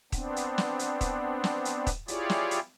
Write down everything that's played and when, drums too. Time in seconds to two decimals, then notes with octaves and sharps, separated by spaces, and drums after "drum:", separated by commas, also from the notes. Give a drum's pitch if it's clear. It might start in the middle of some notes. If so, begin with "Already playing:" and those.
0.12 B3 C4 D4, drum: kick D#1, hi-hat
0.36 drum: hi-hat
0.58 drum: snare
0.79 drum: hi-hat
1.01 drum: kick D#1, hi-hat
1.44 drum: snare
1.65 drum: hi-hat
1.87 drum: kick D#1, hi-hat
2.08 E4 F4 G4 G#4 C#5 D5, drum: hi-hat
2.29 drum: snare
2.51 drum: hi-hat